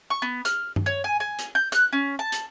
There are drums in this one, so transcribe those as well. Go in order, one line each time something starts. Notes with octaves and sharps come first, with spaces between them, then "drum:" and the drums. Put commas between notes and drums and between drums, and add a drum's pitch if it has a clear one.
C#6
B3
F6, drum: hi-hat
drum: tom G2
C#5
G#5
G#5
drum: hi-hat
G6
F#6, drum: hi-hat
C#4
A5
drum: hi-hat